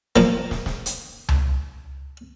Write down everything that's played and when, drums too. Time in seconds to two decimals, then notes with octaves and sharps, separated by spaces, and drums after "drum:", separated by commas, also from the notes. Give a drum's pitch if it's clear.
0.16 F3 A#3, drum: snare
0.51 drum: snare
0.66 drum: snare
0.86 drum: hi-hat
1.29 drum: tom C#2